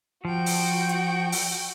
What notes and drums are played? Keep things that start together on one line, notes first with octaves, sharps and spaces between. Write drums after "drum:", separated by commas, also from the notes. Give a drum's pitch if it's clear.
F3 F#4 G5
drum: open hi-hat
drum: hi-hat
drum: open hi-hat